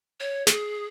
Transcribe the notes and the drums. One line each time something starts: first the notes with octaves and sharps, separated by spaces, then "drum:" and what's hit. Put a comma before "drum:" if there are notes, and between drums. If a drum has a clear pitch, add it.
C#5
G#4, drum: snare